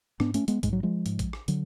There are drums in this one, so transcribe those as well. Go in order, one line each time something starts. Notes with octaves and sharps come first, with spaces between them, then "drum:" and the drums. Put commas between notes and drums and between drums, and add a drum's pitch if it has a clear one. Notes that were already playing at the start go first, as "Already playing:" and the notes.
G#2 B3 D4, drum: rim click
A3 C#4, drum: hi-hat
G#3 B3, drum: hi-hat
G#2 G#3, drum: kick, hi-hat
F#3
F3 G#3
G#2, drum: hi-hat
drum: kick, hi-hat
drum: rim click
D3 F#3, drum: hi-hat